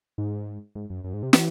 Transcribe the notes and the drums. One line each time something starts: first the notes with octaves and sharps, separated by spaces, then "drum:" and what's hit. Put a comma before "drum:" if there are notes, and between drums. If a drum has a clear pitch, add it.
G#2
G#2
F#2
F#2
G#2
C3
E3, drum: snare